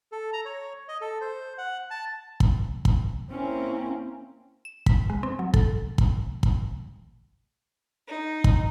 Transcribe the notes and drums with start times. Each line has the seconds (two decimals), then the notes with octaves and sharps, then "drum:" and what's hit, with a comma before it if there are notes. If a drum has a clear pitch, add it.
0.12 A4
0.33 A#5
0.45 C#5
0.88 D#5
1.01 A4
1.21 C5
1.58 F#5
1.90 A5
2.40 drum: kick
2.85 drum: kick
3.31 A#3 C4 C#4 E4
4.65 E7
4.86 B6, drum: kick
5.10 G#3
5.23 C4
5.39 F#3
5.54 A4, drum: kick
5.98 drum: kick
6.43 drum: kick
8.06 D#4
8.44 drum: kick